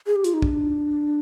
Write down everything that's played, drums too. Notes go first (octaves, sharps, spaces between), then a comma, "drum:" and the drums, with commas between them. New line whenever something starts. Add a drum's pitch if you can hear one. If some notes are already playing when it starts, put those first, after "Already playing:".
G#4
G4
F4, drum: hi-hat
D#4
D4, drum: kick A#1